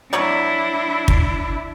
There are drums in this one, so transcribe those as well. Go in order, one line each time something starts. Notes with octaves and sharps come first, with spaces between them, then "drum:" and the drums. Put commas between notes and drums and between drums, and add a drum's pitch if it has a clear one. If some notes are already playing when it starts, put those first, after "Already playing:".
F#3 D4 E4 C#5 D5
drum: kick